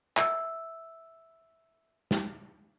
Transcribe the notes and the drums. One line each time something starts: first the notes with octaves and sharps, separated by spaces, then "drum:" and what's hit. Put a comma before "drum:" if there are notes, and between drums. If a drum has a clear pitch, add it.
E5 E6, drum: clap
drum: snare